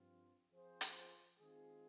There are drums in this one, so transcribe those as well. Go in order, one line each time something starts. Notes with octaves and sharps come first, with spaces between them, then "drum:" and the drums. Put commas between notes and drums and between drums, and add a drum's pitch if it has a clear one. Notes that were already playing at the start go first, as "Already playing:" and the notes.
Already playing: G2 F3 C4 F4
F3 C4 F4 G#4 C5
drum: hi-hat
D#3 G#3 C4 F4 G#4